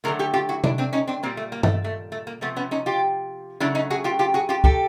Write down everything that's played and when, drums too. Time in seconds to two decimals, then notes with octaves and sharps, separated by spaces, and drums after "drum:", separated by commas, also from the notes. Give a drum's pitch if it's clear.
0.04 D3 F#3 A3 G#4 A#4
0.19 G4 A4
0.34 F4 G4
0.49 E4 F#4
0.64 D4 E4, drum: tom C3
0.78 C4 D4
0.93 C#4 D#4
1.07 C4 D4
1.23 A#2 G3 A#3 C4
1.37 A3
1.52 A#3
1.63 A3, drum: tom G2
1.84 A3
2.12 A3
2.27 A#3
2.41 C3 F3 A3 B3
2.56 B3 C#4
2.71 C#4 D#4
2.86 F4 G4
3.60 C#3 F#3 A3 D4 E4
3.75 C#4 D#4
3.90 F#4 G#4
4.04 F4 G4
4.19 F4 G4
4.34 F#4 G#4
4.49 F4 G4
4.64 G4 A4, drum: kick